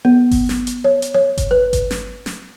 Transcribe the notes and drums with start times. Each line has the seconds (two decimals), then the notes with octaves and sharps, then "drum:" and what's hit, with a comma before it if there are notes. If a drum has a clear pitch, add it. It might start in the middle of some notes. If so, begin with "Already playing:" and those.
0.05 B3
0.31 drum: kick G1, open hi-hat
0.49 drum: snare
0.67 drum: hi-hat
0.84 C#5
1.02 drum: hi-hat
1.14 C#5
1.37 drum: kick G1, hi-hat
1.51 B4
1.73 drum: kick G1, hi-hat
1.91 drum: snare
2.26 drum: snare